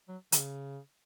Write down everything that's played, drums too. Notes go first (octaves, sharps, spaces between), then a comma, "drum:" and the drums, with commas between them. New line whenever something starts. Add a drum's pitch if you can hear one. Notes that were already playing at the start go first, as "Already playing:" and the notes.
F#3
D#3, drum: hi-hat
C#3